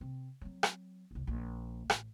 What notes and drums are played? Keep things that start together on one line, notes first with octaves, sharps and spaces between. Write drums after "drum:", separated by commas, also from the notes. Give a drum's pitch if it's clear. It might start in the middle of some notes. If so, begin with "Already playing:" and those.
C3 C4
F#3 C4
drum: rim click
F#1 C2
A#1 A#3
A1, drum: rim click